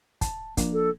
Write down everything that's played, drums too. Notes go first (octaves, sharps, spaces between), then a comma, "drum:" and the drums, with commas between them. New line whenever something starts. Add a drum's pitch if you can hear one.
A5, drum: kick, hi-hat
F3 A#3 D4, drum: kick, hi-hat
A4